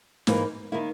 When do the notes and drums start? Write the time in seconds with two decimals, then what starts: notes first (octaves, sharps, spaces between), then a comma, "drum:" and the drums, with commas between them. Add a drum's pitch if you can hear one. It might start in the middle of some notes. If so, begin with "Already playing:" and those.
0.27 G#2 E3 A#3, drum: snare
0.72 D#3 A#3 E4